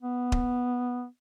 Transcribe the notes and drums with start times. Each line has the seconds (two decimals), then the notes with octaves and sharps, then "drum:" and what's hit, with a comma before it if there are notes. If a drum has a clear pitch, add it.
0.03 B3
0.32 drum: kick D#1